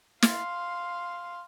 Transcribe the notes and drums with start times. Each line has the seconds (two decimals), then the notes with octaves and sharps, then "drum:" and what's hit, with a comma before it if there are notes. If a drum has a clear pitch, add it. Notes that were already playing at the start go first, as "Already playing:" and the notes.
0.22 F5 C6, drum: snare